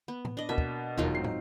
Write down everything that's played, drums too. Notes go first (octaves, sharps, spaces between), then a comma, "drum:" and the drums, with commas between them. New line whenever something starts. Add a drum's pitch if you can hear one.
B3
drum: tom A2
D4 D#5
B2 A#3 E5
drum: kick
E1 F#3 D#4 F4
G#2 C4 C7
drum: tom